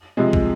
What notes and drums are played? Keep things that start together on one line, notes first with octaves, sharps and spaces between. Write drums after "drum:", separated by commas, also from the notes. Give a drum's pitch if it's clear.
C3 F3 G#3
drum: kick